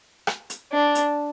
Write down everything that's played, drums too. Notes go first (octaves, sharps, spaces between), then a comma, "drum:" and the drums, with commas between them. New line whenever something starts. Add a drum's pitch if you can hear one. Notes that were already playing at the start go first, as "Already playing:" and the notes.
drum: rim click
drum: hi-hat
D4
drum: hi-hat